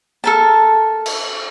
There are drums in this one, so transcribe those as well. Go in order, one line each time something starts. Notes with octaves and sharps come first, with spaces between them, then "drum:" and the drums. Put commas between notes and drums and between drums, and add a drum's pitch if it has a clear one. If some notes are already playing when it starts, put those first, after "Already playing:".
A4 A#4 A5
drum: cymbal